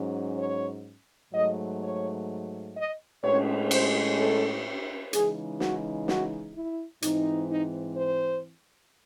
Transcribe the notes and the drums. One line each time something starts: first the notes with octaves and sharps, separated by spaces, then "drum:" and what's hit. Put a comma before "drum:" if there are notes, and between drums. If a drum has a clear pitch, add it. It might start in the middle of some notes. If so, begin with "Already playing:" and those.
Already playing: G#2 F#3 C#4
C#5
G#2 F#3 A3 D#5
C#5
D#5
A2 G#3 C#4 C#5, drum: cymbal
C5, drum: cymbal
A4
C#3 E3 G#3 D#4 G#4, drum: hi-hat
F#4, drum: snare
F#4, drum: snare
E4
G#2 E3 C4 D#4, drum: hi-hat
D#4
C5